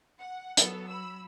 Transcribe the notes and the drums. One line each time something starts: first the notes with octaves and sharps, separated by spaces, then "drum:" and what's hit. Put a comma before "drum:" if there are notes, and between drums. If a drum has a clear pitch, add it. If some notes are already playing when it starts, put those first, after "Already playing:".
F#5
F#3 B3 A4, drum: hi-hat
B5 E6